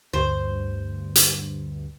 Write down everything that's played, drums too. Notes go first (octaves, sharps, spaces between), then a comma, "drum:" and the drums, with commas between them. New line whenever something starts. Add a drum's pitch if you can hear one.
D2 G2 C5
drum: hi-hat